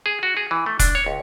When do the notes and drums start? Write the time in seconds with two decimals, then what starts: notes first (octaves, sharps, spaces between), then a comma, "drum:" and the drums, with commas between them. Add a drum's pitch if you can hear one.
0.06 G#4
0.23 F#4
0.37 G#4
0.51 E3
0.66 A3
0.79 D4, drum: kick E1, hi-hat
0.95 C#5
1.06 C#2